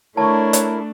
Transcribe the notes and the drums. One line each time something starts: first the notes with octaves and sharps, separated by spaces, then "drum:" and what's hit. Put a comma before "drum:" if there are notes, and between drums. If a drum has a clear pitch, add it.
A3 D4 E4 A#4 C#5 A5 C#6
drum: hi-hat